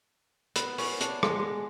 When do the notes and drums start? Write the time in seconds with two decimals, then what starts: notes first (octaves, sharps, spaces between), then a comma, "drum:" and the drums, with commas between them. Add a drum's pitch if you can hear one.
0.56 B3, drum: hi-hat
0.78 C#4, drum: open hi-hat
1.01 D4, drum: hi-hat
1.23 G#3, drum: rim click
1.39 G#3